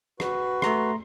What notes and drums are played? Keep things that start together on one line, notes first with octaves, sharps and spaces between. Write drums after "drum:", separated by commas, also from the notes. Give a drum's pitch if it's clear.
F#4 B4, drum: rim click
A3 A#5 C6, drum: rim click